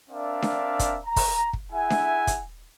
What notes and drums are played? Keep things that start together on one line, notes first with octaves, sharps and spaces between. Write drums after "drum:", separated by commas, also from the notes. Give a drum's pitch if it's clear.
C4 D4 A#4 D5 E5 F5
drum: snare D4
drum: kick, hi-hat
A#5
drum: kick, open hi-hat
drum: kick
E4 G#4 E5 F#5 G#5
drum: snare D4
drum: kick, hi-hat